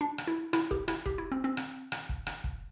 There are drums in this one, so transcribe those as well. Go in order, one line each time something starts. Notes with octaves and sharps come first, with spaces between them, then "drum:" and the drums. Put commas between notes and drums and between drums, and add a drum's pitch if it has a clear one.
D4
drum: rim click
E4
E4, drum: rim click
G4, drum: kick
E4, drum: rim click
G4, drum: kick
E4
C4
C4
drum: rim click
drum: rim click
drum: kick
drum: rim click
drum: kick